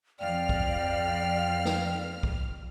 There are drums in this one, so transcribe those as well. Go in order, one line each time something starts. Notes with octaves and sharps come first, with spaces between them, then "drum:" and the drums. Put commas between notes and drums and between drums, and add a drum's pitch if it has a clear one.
F2 D5 F5 G5 F6
drum: kick
drum: snare
drum: kick